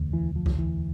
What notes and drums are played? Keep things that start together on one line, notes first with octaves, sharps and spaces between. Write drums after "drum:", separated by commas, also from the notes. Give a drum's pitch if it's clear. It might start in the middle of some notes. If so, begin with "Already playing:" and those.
Already playing: E1 D2
E3
F3
drum: kick C2
E3